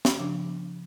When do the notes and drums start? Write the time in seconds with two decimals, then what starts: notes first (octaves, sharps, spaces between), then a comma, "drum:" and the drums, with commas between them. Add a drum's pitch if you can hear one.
0.05 drum: snare
0.19 C#3 F3 D4